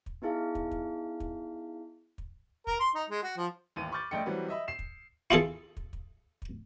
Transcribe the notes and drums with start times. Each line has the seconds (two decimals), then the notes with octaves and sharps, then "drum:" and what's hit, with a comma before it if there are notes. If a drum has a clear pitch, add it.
0.06 drum: kick
0.22 B3 D#4 E4 G#4 F5
0.55 drum: kick
0.71 drum: kick
1.20 drum: kick
2.18 drum: kick
2.67 A#4, drum: kick
2.80 C6
2.95 D#4
3.10 G#3
3.23 F#4
3.37 F3
3.76 A1 D#2 D#7
3.92 B5 C#6 D6 F6 G6 A6
4.11 A#1 A3 D#5 G5 C#7
4.26 E3 F#3 G3 C4 F#4 B4
4.48 D#5 E5 B5
4.68 C7 E7
4.79 drum: kick
5.31 E4 F4 G#4 A4, drum: kick
5.77 drum: kick
5.93 drum: kick
6.42 drum: kick